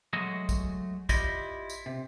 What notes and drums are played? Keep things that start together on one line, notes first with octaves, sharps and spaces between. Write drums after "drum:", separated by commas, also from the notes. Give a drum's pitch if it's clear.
F#3 G#3 A3 F#4 G#4 D#5
drum: kick, tambourine
E4 F4 G4 D5 D#5, drum: kick, tambourine
drum: tambourine
C3